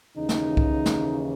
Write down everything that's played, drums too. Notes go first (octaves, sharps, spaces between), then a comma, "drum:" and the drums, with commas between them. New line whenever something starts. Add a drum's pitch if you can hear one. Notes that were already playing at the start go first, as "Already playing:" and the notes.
D#2 C#3 E3 D#4
drum: snare
drum: kick C2
drum: snare